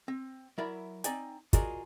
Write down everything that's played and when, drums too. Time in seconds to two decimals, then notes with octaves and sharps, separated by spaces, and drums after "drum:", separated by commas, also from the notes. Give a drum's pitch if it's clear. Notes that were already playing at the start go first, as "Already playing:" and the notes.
0.08 C4
0.58 F#3 E4 A#4 D5 E5 B5
1.04 C4 D#4 D5 G5 G#5, drum: hi-hat
1.53 F4 F#4 G#4 A#4 D5 D#5, drum: kick, hi-hat